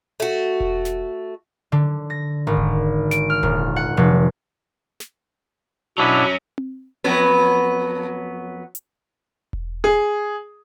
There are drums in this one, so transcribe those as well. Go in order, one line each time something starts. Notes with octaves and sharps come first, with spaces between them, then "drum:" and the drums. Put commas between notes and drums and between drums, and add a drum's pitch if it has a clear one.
A3 F#4
drum: kick E1
drum: snare
D3
A#6
G#1
drum: kick E1
D7, drum: snare
F6
D#1, drum: kick E1
F#5
F1
drum: snare
B2 F#3 C#4 D4 E4
drum: tom C4
F2 F#3 B3
drum: hi-hat
drum: kick E1
G#4